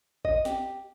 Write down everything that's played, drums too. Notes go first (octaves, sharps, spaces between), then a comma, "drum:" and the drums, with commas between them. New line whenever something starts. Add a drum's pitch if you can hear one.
D#5, drum: kick G#1
G4, drum: snare